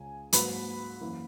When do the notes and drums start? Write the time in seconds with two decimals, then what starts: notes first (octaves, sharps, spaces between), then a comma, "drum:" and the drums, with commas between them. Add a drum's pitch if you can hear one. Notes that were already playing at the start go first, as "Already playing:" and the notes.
Already playing: C#2 C#3 G#3 G#5
0.33 G#2 F#3 A#3 B4 B5, drum: hi-hat
1.01 F#2 E3 A#3